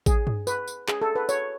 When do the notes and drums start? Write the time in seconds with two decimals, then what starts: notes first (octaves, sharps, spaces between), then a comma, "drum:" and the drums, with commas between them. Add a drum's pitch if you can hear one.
0.06 G#4, drum: kick A1, tambourine
0.27 drum: tom G2
0.47 B4, drum: tambourine
0.68 drum: tambourine
0.88 G#4, drum: clap
1.02 A4
1.16 B4
1.29 C#5, drum: tambourine